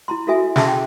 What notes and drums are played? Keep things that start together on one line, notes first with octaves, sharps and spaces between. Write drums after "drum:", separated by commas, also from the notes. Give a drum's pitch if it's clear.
E4 A#5 C6
E4 F#4 A4 A#4 E5 G#5
C#4 G#4 E5 A5 C6, drum: snare
G5